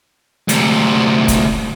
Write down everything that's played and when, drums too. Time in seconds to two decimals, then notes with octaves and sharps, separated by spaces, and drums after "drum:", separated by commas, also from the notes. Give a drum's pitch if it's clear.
0.49 D2 C3, drum: hi-hat
1.28 drum: kick, hi-hat